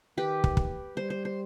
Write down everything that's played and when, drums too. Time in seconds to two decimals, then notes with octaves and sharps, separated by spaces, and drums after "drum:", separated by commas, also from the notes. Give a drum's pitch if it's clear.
0.17 D#3 G4 B4
0.44 drum: kick
0.57 drum: kick
0.96 G3 C5
1.10 C5
1.25 C5